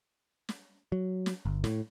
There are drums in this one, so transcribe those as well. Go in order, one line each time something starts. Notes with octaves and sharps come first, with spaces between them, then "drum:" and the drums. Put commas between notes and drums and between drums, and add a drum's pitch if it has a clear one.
drum: snare
F#3
drum: snare
G1
A2, drum: snare